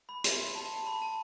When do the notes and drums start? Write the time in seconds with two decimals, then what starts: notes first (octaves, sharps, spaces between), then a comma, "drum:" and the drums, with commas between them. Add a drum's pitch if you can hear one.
0.09 B5
0.24 C6, drum: hi-hat
0.55 A5
0.87 B5
1.02 A5